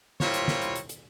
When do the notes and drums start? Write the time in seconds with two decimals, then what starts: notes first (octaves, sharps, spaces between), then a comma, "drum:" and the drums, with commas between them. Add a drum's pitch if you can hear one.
0.20 A#2 G3 E4 F4 C5 C#5, drum: snare
0.34 drum: hi-hat
0.48 drum: snare
0.62 drum: hi-hat
0.75 drum: hi-hat
0.89 drum: hi-hat